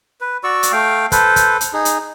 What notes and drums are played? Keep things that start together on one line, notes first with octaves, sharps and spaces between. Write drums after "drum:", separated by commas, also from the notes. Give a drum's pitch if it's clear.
B4
F#4 D5 C#6 E6
drum: hi-hat
A3 F5 G5
A4 B4 C5, drum: kick, hi-hat
drum: kick, hi-hat
drum: hi-hat
D#4 G#4
drum: hi-hat